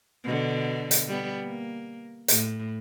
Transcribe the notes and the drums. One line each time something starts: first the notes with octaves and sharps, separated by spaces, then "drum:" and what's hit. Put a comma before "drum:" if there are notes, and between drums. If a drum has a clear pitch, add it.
B2 D3
drum: hi-hat
G3 B3
A#3
A2, drum: hi-hat